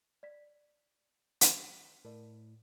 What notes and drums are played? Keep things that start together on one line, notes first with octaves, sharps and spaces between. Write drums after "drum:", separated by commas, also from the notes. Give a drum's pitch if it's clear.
D5 B6
drum: hi-hat
A2 A#4 D5